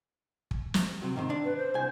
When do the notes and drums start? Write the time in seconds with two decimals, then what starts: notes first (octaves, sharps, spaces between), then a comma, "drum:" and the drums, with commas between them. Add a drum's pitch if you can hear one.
0.51 drum: kick
0.74 drum: snare
1.02 C3 F#3
1.16 G#2 C3 D#3
1.30 D4
1.44 B4
1.57 C5
1.74 C2 G#5